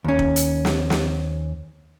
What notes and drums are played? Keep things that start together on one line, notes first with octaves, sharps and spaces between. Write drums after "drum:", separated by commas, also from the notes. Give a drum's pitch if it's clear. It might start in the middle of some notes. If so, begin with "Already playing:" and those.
D#2 C#4
drum: kick
drum: hi-hat
drum: snare
drum: snare